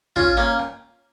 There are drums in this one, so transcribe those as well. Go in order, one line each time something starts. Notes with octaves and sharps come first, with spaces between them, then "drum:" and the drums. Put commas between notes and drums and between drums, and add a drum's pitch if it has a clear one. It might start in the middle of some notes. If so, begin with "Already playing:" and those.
C#4 F4, drum: kick
A#3 C#4
drum: rim click